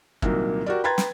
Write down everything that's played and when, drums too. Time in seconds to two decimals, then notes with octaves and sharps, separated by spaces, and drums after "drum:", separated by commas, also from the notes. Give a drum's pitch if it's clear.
0.22 C2 A#2 D#3 F#3 A#3, drum: kick
0.66 F#4 G4 A#4 D5
0.84 B4 G5 A#5 C6 G#6 A6
0.98 drum: snare